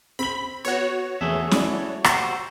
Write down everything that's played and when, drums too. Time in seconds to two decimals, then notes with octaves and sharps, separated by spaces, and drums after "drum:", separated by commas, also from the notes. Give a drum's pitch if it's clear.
0.19 C4 B5 F#7
0.65 B3 F#4 C#5
1.21 E1 E2 A3 G#4 E5
1.51 E4 D5, drum: snare
2.04 F#4 G4 C5 E6, drum: rim click